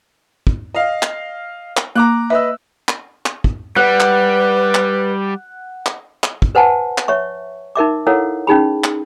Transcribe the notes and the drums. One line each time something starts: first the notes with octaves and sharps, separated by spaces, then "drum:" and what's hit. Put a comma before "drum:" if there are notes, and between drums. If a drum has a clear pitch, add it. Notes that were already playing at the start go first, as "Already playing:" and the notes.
drum: kick
D#5 F5
drum: clap
drum: clap
A#3 A#5 D6 F#6
B4 D#5 E5 E6
drum: clap
drum: clap
drum: kick
G3 B4 F#5
drum: clap
drum: clap
drum: clap
drum: clap
drum: kick
B4 C5 F#5 G#5 A5
drum: clap
C#5 E5 C#6
D#4 A#4 E5 D6
E4 A4 A#4 C#5 F5 F#5
C#4 D#4 G#4 B5
drum: clap